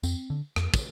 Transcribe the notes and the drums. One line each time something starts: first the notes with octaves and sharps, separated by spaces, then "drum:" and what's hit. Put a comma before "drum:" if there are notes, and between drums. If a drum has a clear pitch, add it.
F2 C4, drum: tambourine
D3
F2, drum: rim click
drum: kick, tambourine